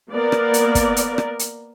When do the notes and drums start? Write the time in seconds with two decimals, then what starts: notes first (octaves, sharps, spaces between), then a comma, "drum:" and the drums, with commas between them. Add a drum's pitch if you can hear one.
0.11 A#3 B3 A#4 D5
0.32 drum: rim click
0.54 drum: hi-hat
0.75 drum: kick, hi-hat
0.97 drum: hi-hat
1.18 drum: rim click
1.39 drum: hi-hat